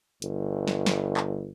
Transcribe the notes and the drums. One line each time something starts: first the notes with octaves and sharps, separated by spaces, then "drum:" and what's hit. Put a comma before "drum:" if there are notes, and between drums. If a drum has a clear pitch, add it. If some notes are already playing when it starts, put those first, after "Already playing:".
G1, drum: hi-hat
drum: snare
drum: snare
drum: clap